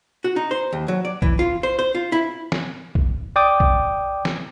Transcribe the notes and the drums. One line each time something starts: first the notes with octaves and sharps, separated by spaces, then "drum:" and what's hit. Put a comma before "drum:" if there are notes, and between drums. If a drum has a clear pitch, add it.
F#4
D#4
C5
D#2
F#3
D5
E3, drum: kick B1
F4
C5
C5
F4
E4
drum: snare
drum: kick B1
D5 G5 D6 D#6
drum: kick B1
drum: snare